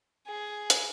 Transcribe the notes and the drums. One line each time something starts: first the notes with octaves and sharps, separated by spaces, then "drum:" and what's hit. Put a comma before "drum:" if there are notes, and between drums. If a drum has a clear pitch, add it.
G#4
drum: hi-hat